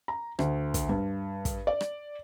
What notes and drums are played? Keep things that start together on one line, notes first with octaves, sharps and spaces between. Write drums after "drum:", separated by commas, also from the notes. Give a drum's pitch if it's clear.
A#5
D2, drum: rim click
drum: kick, hi-hat
G2
drum: kick, hi-hat
D5
drum: rim click